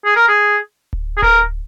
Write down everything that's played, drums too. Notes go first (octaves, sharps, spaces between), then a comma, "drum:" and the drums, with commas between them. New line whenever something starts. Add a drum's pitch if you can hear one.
G#4
A#4
G#4
drum: kick D1
G#4
A#4, drum: kick D1